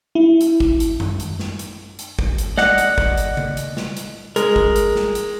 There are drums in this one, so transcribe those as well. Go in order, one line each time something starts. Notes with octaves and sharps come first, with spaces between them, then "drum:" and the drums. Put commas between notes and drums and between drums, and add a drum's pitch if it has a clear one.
E4
drum: hi-hat
drum: kick
drum: hi-hat
drum: tom F#2
drum: hi-hat
drum: snare
drum: hi-hat
drum: hi-hat
drum: kick
drum: hi-hat
D5 D#5 F#5, drum: snare
drum: hi-hat
drum: kick
drum: hi-hat
drum: tom C#3
drum: hi-hat
drum: snare
drum: hi-hat
G#3 A#4, drum: hi-hat
drum: kick
drum: hi-hat
drum: snare
drum: hi-hat